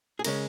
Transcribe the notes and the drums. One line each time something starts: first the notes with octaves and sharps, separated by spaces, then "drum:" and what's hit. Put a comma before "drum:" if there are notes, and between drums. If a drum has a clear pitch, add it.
G#4
C#3 G#3 C#4 A#4, drum: cymbal